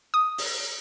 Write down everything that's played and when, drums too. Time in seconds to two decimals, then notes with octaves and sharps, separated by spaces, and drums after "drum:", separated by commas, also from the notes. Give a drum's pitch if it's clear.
0.14 D#6
0.38 drum: open hi-hat